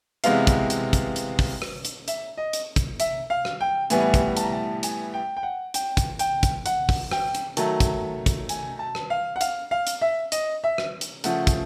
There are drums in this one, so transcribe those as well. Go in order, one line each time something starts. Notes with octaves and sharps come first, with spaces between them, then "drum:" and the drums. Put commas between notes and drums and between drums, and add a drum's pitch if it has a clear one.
C3 E3 G#3 B3 F5, drum: hi-hat
drum: kick, hi-hat
drum: hi-hat
drum: kick, hi-hat
drum: hi-hat
drum: kick, open hi-hat
drum: rim click
drum: hi-hat
E5, drum: hi-hat
D#5
drum: hi-hat
drum: kick, hi-hat
E5, drum: hi-hat
F5
drum: rim click
G5
A2 E3 G3 B3 G#5, drum: hi-hat
drum: kick, hi-hat
A5, drum: hi-hat
A#5
A5
G#5, drum: hi-hat
G5
G5
F#5
G5, drum: hi-hat
drum: kick, hi-hat
G5, drum: hi-hat
drum: kick, hi-hat
F#5, drum: hi-hat
drum: kick, open hi-hat
G5, drum: rim click
drum: hi-hat
D#3 F#3 A3 A5, drum: hi-hat
drum: kick, hi-hat
drum: kick, hi-hat
G#5, drum: hi-hat
A5
drum: rim click
F5
F#5
F5, drum: hi-hat
F5
drum: hi-hat
E5
D#5, drum: hi-hat
E5
drum: rim click
drum: hi-hat
C#3 F3 A3 F#5, drum: hi-hat
drum: kick, hi-hat